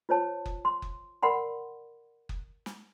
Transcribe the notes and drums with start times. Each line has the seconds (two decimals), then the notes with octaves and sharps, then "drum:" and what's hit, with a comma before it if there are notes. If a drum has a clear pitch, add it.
0.09 F4 C5 C#5 A5
0.46 drum: kick F#1
0.65 C6
0.82 drum: kick F#1
1.23 A#4 D5 F#5 B5 C6
2.29 drum: kick F#1
2.66 drum: snare